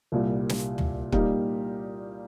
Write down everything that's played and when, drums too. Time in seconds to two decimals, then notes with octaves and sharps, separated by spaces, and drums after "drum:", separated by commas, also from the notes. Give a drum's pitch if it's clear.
0.12 C2 A#2 G3
0.49 drum: snare
0.78 drum: tom
1.12 A#2 G3 A#3 D#4 G4, drum: kick